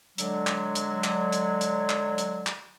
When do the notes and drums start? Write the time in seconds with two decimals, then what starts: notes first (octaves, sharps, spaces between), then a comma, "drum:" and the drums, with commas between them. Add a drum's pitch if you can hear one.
0.18 D3 F#3 G#3, drum: hi-hat
0.47 drum: clap
0.75 drum: hi-hat
1.04 drum: clap
1.32 drum: hi-hat
1.61 drum: hi-hat
1.90 drum: clap
2.18 drum: hi-hat
2.47 drum: clap